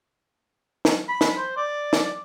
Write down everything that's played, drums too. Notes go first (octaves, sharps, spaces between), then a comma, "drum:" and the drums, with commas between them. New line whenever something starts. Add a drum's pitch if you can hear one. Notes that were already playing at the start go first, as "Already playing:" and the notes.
drum: snare
B5
drum: snare
C5
D5
drum: snare